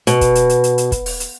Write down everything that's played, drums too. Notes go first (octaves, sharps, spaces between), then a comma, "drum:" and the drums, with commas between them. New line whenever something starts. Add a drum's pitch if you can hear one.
B2, drum: hi-hat
drum: kick, hi-hat
drum: hi-hat
drum: hi-hat
drum: hi-hat
drum: hi-hat
drum: kick, hi-hat
drum: open hi-hat
drum: hi-hat